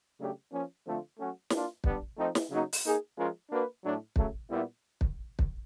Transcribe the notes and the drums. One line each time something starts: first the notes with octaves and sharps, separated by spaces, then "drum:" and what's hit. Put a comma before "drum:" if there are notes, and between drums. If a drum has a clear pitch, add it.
C#3 F#3 A3 D4 G4
F3 A#3 C#4
D3 F3 A3 C4 F4
F#3 A3 C#4 F#4
A#3 D4 F4, drum: snare
G3 B3 D4, drum: kick
F3 A3 C4 D#4
drum: snare
C#3 F#3 A#3 D#4 F#4
drum: open hi-hat
A#3 D#4 G#4
F3 G#3 C#4 F4 A#4
A#3 D4 F#4 B4
A2 F#3 A3 D4
C#3 F#3 A3, drum: kick
A#2 G3 B3 E4
drum: kick
drum: kick